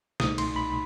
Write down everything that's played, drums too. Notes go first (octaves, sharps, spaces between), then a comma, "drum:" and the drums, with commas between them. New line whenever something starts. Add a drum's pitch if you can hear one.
C2 B2 A3 D#4 D#6, drum: snare
C6, drum: cymbal
B5